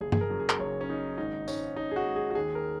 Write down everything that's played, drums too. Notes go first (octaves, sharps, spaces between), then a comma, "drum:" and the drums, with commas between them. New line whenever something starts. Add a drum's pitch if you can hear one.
F#1 G#4
G#4, drum: tom G2
A#4
F#2
G#4
drum: clap
F#1 C#5
C#4
C#3 D#4
G#1 D#4
G#2 C#4, drum: tambourine
C#4 D#4
G#4
F#4
G#3
G#4
F#4
D#2 G#4
A#4